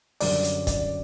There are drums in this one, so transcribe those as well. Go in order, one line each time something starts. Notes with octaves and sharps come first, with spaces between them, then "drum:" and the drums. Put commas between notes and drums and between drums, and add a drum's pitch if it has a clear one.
F#2 D3 G3 D5, drum: open hi-hat
drum: hi-hat
D5, drum: kick, hi-hat